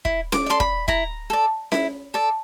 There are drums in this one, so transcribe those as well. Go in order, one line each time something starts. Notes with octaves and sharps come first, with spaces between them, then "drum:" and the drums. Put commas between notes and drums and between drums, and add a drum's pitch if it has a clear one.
E4, drum: kick
D6, drum: snare C#4
A4 D5 C6
B5, drum: kick
E4 A#5, drum: kick
A4 D5
E4, drum: snare C#4
A4 D5